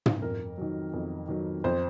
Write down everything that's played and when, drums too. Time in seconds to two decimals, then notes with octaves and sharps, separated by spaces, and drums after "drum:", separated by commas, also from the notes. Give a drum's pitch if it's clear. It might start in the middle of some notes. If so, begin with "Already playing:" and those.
0.06 drum: tom
0.22 F2 A#4
0.58 D#3 F#3
0.94 F2
1.28 D#3 F#3
1.64 F2 C5